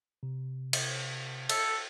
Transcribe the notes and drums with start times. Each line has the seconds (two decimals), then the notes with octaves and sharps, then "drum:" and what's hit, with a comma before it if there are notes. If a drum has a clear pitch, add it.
0.23 C3
0.73 drum: cymbal
1.50 A4, drum: cymbal